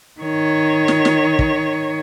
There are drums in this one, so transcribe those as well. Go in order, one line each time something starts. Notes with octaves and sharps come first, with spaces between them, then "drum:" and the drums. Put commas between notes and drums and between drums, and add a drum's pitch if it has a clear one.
D#3 C#5
drum: snare
drum: snare
drum: kick